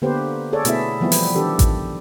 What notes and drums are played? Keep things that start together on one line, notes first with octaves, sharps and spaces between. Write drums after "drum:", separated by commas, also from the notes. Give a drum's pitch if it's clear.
D3 A#3 B3 G4 B4 C5
G#4 A4 C#5 D5
B2 A3 B3 E4 G#4 E5, drum: hi-hat
E3 F3 G3 B3 C4 E4
drum: open hi-hat
D#3 D4 G4 A4
drum: kick A1, hi-hat